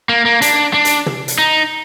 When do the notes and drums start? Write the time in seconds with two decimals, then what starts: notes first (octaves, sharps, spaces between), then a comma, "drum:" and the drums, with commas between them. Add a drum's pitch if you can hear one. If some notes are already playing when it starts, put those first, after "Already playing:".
0.09 A#3
0.26 A#3
0.42 D4, drum: hi-hat
0.74 D4
0.85 drum: hi-hat
1.06 drum: tom
1.28 drum: hi-hat
1.38 D#4